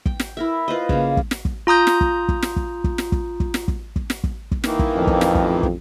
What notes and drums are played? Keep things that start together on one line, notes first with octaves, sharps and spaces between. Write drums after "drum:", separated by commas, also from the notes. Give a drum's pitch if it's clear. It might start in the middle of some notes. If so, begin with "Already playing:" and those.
G5, drum: kick
drum: snare
E4 A#4 E5
F4 B4 C5 D#5
C#3 A#3, drum: kick
drum: kick
drum: snare
drum: kick
F4 A#5 D#6 G6
drum: snare
drum: kick
drum: kick
drum: snare
drum: kick
drum: kick
drum: snare
drum: kick
drum: kick
drum: snare
drum: kick
drum: kick
drum: snare
drum: kick
drum: kick
D#3 E3 A#3, drum: snare
drum: kick
A1 F2
drum: kick
drum: snare
drum: kick
drum: kick